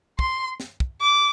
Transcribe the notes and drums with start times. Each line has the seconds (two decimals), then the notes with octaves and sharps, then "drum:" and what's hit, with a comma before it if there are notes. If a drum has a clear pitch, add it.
0.19 C6, drum: kick
0.60 drum: snare
0.80 drum: kick
1.01 D6